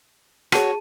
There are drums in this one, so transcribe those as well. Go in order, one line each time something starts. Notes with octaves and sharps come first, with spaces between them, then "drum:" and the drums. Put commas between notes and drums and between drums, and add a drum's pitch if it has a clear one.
F#4 G#4 C#5 A5 D#7, drum: rim click